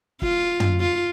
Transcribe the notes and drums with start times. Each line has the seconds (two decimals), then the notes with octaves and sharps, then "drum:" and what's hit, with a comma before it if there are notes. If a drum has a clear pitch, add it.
0.22 F4, drum: kick
0.60 drum: tom
0.80 F4